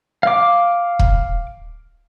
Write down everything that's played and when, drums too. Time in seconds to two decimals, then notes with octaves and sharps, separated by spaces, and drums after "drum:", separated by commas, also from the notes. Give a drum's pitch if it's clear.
0.23 F5 D6
0.99 drum: kick